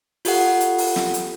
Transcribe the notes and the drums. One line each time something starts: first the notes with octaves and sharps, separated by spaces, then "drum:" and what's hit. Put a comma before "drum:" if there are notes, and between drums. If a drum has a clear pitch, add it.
F4 G4 A4 F#5, drum: open hi-hat
drum: hi-hat
drum: open hi-hat
drum: snare
drum: hi-hat